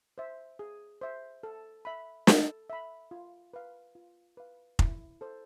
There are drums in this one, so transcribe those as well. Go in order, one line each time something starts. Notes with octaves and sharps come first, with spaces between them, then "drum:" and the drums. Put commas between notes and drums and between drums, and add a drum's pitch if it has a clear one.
C5 E5
G#4
C5 E5
A4
E5 B5
A4, drum: snare
E5 B5
F4
B4 F5
F4
B4 F5
E4, drum: kick F1
A4 C5